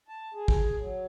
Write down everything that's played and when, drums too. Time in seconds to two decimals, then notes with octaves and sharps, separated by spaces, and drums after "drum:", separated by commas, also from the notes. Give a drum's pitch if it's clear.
0.08 A5
0.34 G#4
0.48 drum: kick
0.78 F#3